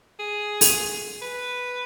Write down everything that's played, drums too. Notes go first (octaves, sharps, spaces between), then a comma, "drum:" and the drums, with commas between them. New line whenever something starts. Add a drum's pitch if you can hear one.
G#4
drum: open hi-hat
B4